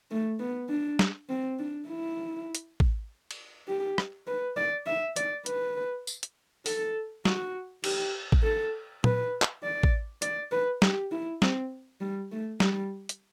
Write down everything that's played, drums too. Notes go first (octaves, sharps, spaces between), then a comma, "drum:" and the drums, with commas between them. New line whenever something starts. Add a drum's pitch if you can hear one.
A3
B3
D4
drum: snare
C4
D4
E4
drum: hi-hat
drum: kick A1
drum: cymbal
G4
drum: rim click
B4
D5
E5
D5, drum: hi-hat
B4, drum: hi-hat
drum: tambourine
drum: hi-hat
A4, drum: open hi-hat
F#4, drum: snare
G4, drum: cymbal
drum: kick A1
A4
B4, drum: tom A#2
drum: clap
D5
drum: kick A1
D5, drum: hi-hat
B4
G4, drum: snare
E4
C4, drum: snare
G3
A3
G3, drum: snare
drum: hi-hat